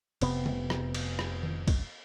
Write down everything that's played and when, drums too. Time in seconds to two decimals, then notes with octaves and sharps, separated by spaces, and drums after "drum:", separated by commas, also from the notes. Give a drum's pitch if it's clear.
0.21 F1 C3 B3, drum: cymbal
0.46 drum: tom C3
0.70 drum: rim click
0.94 drum: cymbal
1.19 drum: rim click
1.43 drum: tom D#3
1.68 drum: kick, cymbal